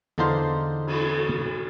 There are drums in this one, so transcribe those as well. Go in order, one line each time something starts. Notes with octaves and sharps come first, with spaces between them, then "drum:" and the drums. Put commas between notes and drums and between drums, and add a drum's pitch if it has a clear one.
E2 D3 D4 D#4 F4 C5
drum: cymbal